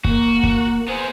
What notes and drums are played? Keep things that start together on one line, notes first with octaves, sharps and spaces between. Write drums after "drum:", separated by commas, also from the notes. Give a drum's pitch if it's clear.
A#3 F#4, drum: kick
drum: kick
B3 G#4 C5